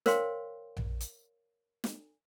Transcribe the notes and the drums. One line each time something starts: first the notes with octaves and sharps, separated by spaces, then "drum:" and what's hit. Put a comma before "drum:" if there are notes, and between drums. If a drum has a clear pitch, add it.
A#4 C5 C#5 F5 G5 C6, drum: snare
drum: tom A#1
drum: hi-hat
drum: snare